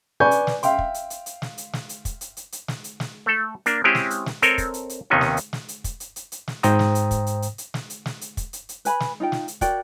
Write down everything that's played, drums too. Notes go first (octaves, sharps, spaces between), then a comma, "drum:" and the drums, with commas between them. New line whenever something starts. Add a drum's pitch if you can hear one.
B4 D5 G#5 C#6 G6
drum: hi-hat
drum: snare
E5 F5 G5 C6, drum: hi-hat
drum: kick
drum: hi-hat
drum: hi-hat
drum: hi-hat
drum: snare
drum: hi-hat
drum: snare
drum: hi-hat
drum: kick, hi-hat
drum: hi-hat
drum: hi-hat
drum: hi-hat
drum: snare
drum: hi-hat
drum: snare
A3 A4
A#3 D4, drum: hi-hat
G#3 C4 C#4 E4 G4 G#4
drum: snare
drum: hi-hat
drum: snare
C4 A4 A#4 C#5 D#5, drum: hi-hat
drum: kick, hi-hat
drum: hi-hat
drum: hi-hat
D#2 C3 D#3 B3 C#4 D#4
drum: snare
drum: hi-hat
drum: snare
drum: hi-hat
drum: kick, hi-hat
drum: hi-hat
drum: hi-hat
drum: hi-hat
drum: snare
G#2 C5 G5 A#5 D#6, drum: hi-hat
drum: snare
drum: hi-hat
drum: kick, hi-hat
drum: hi-hat
drum: hi-hat
drum: hi-hat
drum: snare
drum: hi-hat
drum: snare
drum: hi-hat
drum: kick, hi-hat
drum: hi-hat
drum: hi-hat
B4 G#5 B5, drum: hi-hat
drum: snare
D#4 F4 G5
drum: snare
drum: hi-hat
F#4 A#4 D5 G5, drum: kick, hi-hat